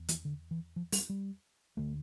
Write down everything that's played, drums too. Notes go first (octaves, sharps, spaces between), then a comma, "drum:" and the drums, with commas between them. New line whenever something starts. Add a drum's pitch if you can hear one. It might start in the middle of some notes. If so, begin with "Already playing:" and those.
Already playing: E2
E3, drum: hi-hat
D3
E3
F3
G3, drum: open hi-hat
G3
D2 D3 A3